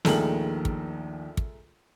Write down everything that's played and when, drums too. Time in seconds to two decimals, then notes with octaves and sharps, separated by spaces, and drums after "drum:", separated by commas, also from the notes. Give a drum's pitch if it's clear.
0.05 A#1 D#2 G#3 A3 A#4 F#7, drum: snare
0.65 drum: kick
1.37 drum: kick